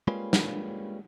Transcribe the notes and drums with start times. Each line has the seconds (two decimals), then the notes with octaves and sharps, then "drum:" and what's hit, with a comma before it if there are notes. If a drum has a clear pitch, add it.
0.08 G3 G#3 A#3 C#4 F4 B4
0.33 drum: snare